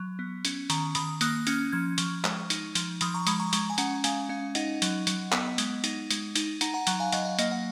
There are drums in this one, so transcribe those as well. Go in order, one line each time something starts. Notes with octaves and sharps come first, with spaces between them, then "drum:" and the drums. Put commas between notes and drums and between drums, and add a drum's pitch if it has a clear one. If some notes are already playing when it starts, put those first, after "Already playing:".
Already playing: F#3
B3
C#4, drum: hi-hat
D#3 A#5 C#6, drum: hi-hat
D#3 B5 D#6, drum: hi-hat
A#3 D#6 F#6, drum: hi-hat
C#4 F6 G#6, drum: hi-hat
F3 F6 G#6
F3 C#6 F6, drum: hi-hat
G#3, drum: clap
D#4, drum: hi-hat
F3, drum: hi-hat
F3 B5 D#6, drum: hi-hat
A#5 C#6
G#3 B5 D#6, drum: hi-hat
A#5 C#6
G#3 A#5 C#6, drum: hi-hat
G#5
C#4 F#5 A#5, drum: hi-hat
G#3 F5 G#5, drum: hi-hat
C#4 F5
D#4 D#5 F#5, drum: hi-hat
F#3, drum: hi-hat
F#3, drum: hi-hat
B3, drum: clap
G#3, drum: hi-hat
D#4, drum: hi-hat
G#3, drum: hi-hat
D#4, drum: hi-hat
D#4 F#5 A#5, drum: hi-hat
F#5 A#5
F#3 F#5 A#5, drum: hi-hat
F5 G#5
F#3 D#5 F#5, drum: hi-hat
F5
A#3 D#5, drum: hi-hat
D#5 F#5